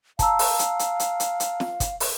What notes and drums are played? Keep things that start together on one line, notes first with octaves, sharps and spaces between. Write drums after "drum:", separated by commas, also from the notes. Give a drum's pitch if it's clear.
F5 A5 A#5 E6, drum: kick, hi-hat
drum: open hi-hat
drum: hi-hat
drum: hi-hat
drum: hi-hat
drum: hi-hat
drum: hi-hat
drum: snare
drum: kick, hi-hat
drum: open hi-hat